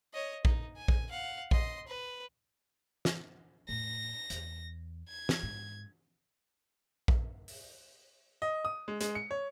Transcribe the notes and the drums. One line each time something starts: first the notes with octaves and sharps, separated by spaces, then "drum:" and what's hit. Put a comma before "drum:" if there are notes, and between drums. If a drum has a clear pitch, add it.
C#5 D#5
D#4, drum: kick A#1
G#5
drum: kick A#1
F5 F#5
D#5 C6, drum: kick A#1
B4
drum: snare
E2 A2 A#6
E2, drum: hi-hat
G#6
drum: snare
G#2
drum: kick A#1
drum: open hi-hat
D#5
D#6
G#3
G#3, drum: hi-hat
C#7
C#5